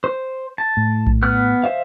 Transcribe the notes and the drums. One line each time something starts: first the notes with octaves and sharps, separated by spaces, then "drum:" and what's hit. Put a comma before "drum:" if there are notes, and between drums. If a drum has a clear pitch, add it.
C5
A5
A2
drum: kick A#1
B3 F6 F#6
C5 E5 F5